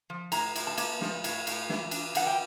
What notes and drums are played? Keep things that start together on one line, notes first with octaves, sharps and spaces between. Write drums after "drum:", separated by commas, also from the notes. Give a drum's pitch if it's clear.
F3
A2 A#5, drum: cymbal
A2, drum: cymbal
A5
A#3, drum: cymbal
F3, drum: snare
A2, drum: cymbal
A2, drum: cymbal
E3, drum: snare
D4, drum: cymbal
E3 F#5, drum: cymbal
G5